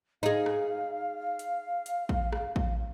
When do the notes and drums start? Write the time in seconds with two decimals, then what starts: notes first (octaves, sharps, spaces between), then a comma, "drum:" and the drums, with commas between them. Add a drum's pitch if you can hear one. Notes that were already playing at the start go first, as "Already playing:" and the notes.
0.23 D#4 G#4 F5
0.46 drum: rim click
1.39 drum: hi-hat
1.86 drum: hi-hat
2.09 drum: kick A#1
2.33 drum: rim click
2.56 drum: kick A#1